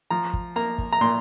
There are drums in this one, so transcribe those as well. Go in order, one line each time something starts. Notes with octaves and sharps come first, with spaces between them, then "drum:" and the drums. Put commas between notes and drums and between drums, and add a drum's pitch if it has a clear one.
F3 A#5
drum: kick
A#3 A#5
drum: kick
A#5
A#2 C6